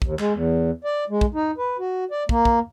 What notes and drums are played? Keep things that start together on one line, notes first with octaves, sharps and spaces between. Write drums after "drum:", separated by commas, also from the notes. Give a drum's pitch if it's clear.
D#2, drum: kick
G#3, drum: clap
E2
D5
G#3
drum: kick
D#4
B4
F#4
D5
A#3, drum: kick
drum: kick